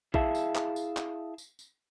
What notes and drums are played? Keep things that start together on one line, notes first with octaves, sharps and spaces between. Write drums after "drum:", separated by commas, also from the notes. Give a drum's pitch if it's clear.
E4 G#4 E5 F5 A5, drum: kick
drum: tambourine
drum: clap
drum: tambourine
drum: clap
drum: tambourine
drum: tambourine